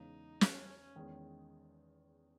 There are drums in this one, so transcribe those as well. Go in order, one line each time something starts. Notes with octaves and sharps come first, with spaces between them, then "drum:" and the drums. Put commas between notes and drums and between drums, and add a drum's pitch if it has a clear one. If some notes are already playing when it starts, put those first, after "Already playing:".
Already playing: E2 C#3 G#3 D#4
C#4, drum: snare
E2 D#3 G#3 C#4